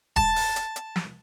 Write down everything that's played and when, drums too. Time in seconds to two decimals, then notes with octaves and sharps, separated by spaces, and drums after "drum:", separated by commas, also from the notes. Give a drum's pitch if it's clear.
0.16 A5, drum: kick D#1
0.36 drum: open hi-hat
0.56 drum: hi-hat
0.76 drum: hi-hat
0.96 drum: snare